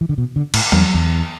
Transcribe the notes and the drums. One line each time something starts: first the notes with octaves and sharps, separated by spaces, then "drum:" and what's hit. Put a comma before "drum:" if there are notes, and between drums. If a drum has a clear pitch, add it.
E3
D3
B2
D3
A2, drum: cymbal
E2, drum: tom F#3
E2